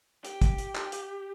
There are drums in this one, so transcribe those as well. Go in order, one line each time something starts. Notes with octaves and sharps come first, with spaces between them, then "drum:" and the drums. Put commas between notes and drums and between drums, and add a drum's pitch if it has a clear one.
G4, drum: hi-hat
drum: kick, hi-hat
drum: hi-hat
drum: clap
drum: hi-hat